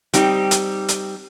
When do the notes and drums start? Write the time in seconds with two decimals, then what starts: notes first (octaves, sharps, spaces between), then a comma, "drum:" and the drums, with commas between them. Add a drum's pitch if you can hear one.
0.14 G3 C4 D#4 G4, drum: hi-hat
0.51 drum: hi-hat
0.89 drum: hi-hat